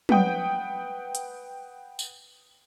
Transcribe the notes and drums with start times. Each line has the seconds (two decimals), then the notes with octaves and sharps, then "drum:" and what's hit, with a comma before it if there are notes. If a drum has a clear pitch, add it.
0.09 B4 F#5 G5 D#6, drum: tom
1.15 drum: hi-hat
1.99 drum: tambourine